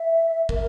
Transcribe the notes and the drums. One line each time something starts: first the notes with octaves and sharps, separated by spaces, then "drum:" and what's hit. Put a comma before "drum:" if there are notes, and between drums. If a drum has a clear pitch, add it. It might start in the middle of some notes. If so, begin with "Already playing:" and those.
Already playing: E5
A#4, drum: kick